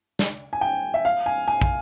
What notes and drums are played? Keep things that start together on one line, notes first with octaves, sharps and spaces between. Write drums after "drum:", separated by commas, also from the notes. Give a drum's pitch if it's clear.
drum: snare
G#5
G5
E5
F5
G#5
G#5
drum: kick